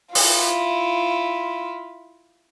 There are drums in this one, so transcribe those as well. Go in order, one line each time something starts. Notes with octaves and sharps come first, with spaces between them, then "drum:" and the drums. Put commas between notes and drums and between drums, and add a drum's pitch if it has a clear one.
E4 F4, drum: open hi-hat